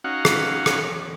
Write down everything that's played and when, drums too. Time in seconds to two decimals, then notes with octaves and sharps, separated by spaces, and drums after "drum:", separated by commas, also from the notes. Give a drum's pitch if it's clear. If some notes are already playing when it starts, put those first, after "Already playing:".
0.04 C#4 D#4 F#4 F5 F#5
0.25 drum: rim click
0.66 drum: rim click